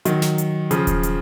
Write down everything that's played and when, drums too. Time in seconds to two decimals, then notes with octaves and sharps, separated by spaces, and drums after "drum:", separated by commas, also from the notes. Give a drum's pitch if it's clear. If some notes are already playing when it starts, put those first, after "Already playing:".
0.05 D#3 F#3, drum: hi-hat
0.22 drum: snare
0.38 drum: hi-hat
0.71 C#3 F3, drum: hi-hat
0.87 drum: kick D#1, hi-hat
1.03 drum: hi-hat